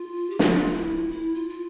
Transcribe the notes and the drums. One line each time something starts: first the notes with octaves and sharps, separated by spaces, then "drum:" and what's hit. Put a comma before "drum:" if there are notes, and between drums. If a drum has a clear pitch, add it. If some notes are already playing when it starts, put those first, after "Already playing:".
Already playing: F4
G4
F4, drum: snare
E4
E4
F4
F4